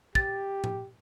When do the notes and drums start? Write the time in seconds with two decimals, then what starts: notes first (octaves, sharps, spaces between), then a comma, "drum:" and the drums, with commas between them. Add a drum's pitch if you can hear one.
0.15 G4 A6, drum: kick
0.64 drum: tom A2